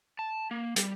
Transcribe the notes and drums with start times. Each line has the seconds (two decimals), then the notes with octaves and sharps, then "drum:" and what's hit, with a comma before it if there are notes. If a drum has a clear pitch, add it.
0.19 A5
0.51 A#3
0.76 G3, drum: hi-hat